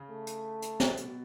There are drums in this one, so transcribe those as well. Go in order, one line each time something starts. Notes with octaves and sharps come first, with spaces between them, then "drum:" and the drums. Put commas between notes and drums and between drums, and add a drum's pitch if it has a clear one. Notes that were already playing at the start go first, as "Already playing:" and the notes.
Already playing: C#3
A3
drum: hi-hat
drum: hi-hat
B2, drum: snare
B2, drum: hi-hat